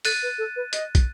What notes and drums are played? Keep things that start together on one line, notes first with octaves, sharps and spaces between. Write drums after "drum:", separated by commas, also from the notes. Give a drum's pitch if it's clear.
A4 F#6 A6 D#7, drum: open hi-hat
B4
A4
B4
D#5, drum: hi-hat
drum: kick, hi-hat